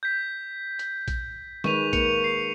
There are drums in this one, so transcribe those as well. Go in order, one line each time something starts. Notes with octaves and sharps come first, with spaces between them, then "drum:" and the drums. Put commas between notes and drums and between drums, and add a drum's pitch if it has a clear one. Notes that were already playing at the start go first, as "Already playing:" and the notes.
G6 B6
drum: hi-hat
drum: kick A#1, hi-hat
D#3 G#3 B4 C#6 D#7 F7, drum: snare
A#3 C#7 F7, drum: kick A#1, hi-hat
C7